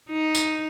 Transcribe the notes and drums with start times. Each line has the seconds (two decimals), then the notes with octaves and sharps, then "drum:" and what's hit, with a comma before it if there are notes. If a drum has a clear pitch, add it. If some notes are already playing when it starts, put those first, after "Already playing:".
0.10 D#4
0.35 drum: tambourine